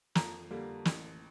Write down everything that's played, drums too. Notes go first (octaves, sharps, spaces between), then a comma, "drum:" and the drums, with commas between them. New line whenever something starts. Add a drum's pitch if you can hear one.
F2 A#5, drum: snare
D3 G3 A#3
A1, drum: snare